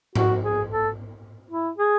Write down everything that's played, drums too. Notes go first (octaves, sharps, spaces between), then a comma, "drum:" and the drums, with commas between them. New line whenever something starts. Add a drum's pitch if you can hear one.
F#4, drum: tom G#2
G#4
A4
E4
G#4